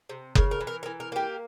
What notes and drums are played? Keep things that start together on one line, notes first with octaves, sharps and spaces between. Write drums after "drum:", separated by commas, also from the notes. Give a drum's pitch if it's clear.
C3
C#3 A#4, drum: kick F#1
A#4
E3
A#4
E3 A#4
A#4
A#3 G4 A#4